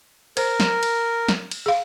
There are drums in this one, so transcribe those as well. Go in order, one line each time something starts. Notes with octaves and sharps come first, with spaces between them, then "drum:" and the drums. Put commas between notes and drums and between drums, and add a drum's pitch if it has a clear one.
A#4 C5, drum: cymbal
drum: snare
drum: cymbal
drum: snare
drum: cymbal
G#4 F5